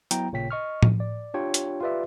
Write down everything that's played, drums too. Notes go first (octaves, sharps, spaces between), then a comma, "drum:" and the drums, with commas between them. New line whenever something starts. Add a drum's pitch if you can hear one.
F#3 B3 E4 G5 A#5, drum: hi-hat
A1 A#2 C#3 C#5 G5 B6
D#5 C#6 F6
drum: tom A2
D5
D4 F4 G4 C#5 G5
drum: hi-hat
F4 G4 B4 D5 E5